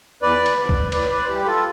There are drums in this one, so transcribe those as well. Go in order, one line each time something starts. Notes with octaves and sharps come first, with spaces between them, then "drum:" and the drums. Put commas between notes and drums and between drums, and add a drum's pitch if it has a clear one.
E2 B4 D5
drum: cymbal
D3 F3 B4 D5
drum: kick
A2 B4 D5, drum: cymbal
B4 D5
C5
E3 G3 G4 B4
F4 A4